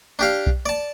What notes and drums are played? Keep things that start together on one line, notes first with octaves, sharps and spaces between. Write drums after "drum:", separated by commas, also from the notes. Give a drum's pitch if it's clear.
D4 G4 F5
drum: kick B1
D5 A5